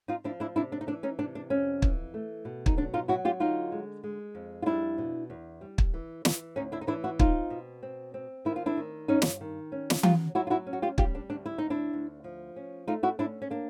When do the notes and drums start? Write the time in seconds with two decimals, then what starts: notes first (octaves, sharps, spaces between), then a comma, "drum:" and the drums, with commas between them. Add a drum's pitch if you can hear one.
0.08 D#4 F4
0.24 F3 D4 E4
0.40 D4 E4
0.56 C3 D4 E4
0.72 D4
0.81 D#4
0.87 E3 D4
1.03 C#4 D#4
1.19 C3 D4
1.35 D4
1.50 F2 C#4
1.82 E3, drum: kick
2.14 A3
2.45 B2
2.66 D#4, drum: kick
2.77 F#3 D4
2.94 D#4 F4
3.08 F#3 E4 F#4
3.25 F4 G4
3.40 D3 D#4 F4
3.72 G#3
4.04 G#3
4.35 F2
4.62 F4
4.66 G3 D4 E4
4.98 B2
5.30 E2
5.61 G3
5.78 drum: kick
5.94 E3
6.25 E3, drum: snare
6.56 D2 C#4 D#4
6.72 D4 E4
6.81 D#4
6.87 E3 D4 E4
7.04 E4 F#4
7.19 C4 D#4 F4, drum: kick
7.50 B2
7.83 C4
8.14 C4
8.45 D#3 E4
8.56 F4
8.66 D4 E4
8.77 D#3
9.08 G2 C#4 D#4
9.22 drum: snare
9.41 D#3
9.72 C#4
9.90 drum: snare
10.03 F#3 F4 G4, drum: tom E3
10.35 F#3 E4 F#4
10.47 F4
10.50 E4 F#4
10.67 C#4
10.73 F#4
10.82 F4 G4
10.98 G3 F4 G4, drum: kick
11.15 D4
11.30 D2 D4
11.46 E4
11.58 D2 D#4
11.70 D4 E4
11.93 D2
12.24 F3
12.56 C#4
12.88 A3 D#4 F4
13.03 E4 F#4
13.19 C#4 D4 E4
13.42 C#4
13.50 A#3 D4